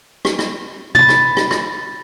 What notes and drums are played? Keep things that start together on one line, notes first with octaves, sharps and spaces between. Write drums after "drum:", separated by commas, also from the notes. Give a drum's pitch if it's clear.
drum: rim click
drum: rim click
B5 A6, drum: tom
drum: rim click
drum: rim click
drum: rim click